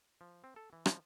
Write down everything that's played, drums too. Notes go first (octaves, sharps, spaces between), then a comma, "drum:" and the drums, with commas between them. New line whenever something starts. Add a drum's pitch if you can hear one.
F3
C4
A4
E3
F3, drum: rim click